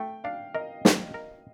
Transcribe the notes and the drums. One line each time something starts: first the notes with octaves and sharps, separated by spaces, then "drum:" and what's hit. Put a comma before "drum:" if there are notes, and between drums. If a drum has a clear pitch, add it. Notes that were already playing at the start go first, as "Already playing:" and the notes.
Already playing: A3 G5
D4 F5
A#4 D#5
D4, drum: snare
A#4